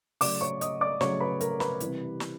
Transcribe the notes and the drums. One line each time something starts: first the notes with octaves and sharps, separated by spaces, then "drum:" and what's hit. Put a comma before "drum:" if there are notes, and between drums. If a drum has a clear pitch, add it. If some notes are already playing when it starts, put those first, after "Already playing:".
C#3 F#3 A3 D5 D6, drum: open hi-hat
C#5 C#6
D#5 D#6, drum: hi-hat
D5 D6
C#3 F#3 A3 C#5 C#6, drum: snare
B4 B5
A#4 A#5, drum: hi-hat
B4 B5, drum: snare
C3 E3 G3, drum: hi-hat
drum: snare